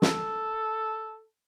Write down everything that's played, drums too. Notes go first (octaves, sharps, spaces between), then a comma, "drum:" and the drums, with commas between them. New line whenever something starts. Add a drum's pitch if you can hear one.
A4, drum: snare